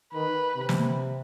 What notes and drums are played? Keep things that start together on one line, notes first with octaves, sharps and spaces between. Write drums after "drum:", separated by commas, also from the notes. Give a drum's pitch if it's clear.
D#3 B4
C3
drum: snare